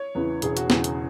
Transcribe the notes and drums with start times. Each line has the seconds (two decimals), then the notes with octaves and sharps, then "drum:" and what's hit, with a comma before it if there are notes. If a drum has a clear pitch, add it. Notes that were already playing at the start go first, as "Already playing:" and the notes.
Already playing: C#5
0.15 E2 C#3 E3 B4
0.42 E1 G#4, drum: hi-hat
0.57 F#4, drum: hi-hat
0.70 E2 C#3 E3 G#4, drum: snare
0.84 drum: hi-hat